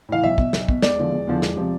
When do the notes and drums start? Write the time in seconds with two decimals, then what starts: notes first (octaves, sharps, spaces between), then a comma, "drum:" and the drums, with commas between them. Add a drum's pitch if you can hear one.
0.09 A2 E3 F5
0.23 B1 E5
0.38 B2, drum: kick
0.53 B1, drum: snare
0.68 B2, drum: kick
0.82 E1 D5, drum: snare
0.98 E2 D3 F3
1.12 E1
1.27 E2 D3 F3
1.42 E1, drum: snare
1.57 C3 F3